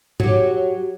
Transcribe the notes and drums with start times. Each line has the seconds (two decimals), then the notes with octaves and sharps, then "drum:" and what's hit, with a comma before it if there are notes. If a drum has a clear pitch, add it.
0.20 F#3 G4, drum: tom